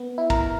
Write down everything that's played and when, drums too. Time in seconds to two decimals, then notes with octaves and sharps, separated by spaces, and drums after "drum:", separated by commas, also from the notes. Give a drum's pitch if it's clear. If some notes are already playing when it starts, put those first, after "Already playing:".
Already playing: B3
0.18 E4
0.30 A#4, drum: kick, cymbal